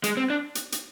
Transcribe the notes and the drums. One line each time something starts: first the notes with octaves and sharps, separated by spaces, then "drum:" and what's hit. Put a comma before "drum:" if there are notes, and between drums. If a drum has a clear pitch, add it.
G#3, drum: hi-hat
C4
D4
drum: hi-hat
drum: hi-hat